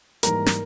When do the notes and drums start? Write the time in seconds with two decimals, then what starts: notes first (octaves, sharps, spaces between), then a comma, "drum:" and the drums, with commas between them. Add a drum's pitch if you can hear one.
0.23 G#2 E3 G3 A#3 A#4 A#5, drum: hi-hat
0.46 drum: snare